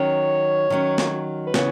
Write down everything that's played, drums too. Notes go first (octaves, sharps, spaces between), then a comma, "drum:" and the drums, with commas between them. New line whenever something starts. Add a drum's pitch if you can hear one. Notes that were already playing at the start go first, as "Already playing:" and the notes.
Already playing: D#3 F#3 C#4 C#5
D#3 F#3 C#4
drum: snare
B4
C#3 E3 B3 E4 C#5, drum: snare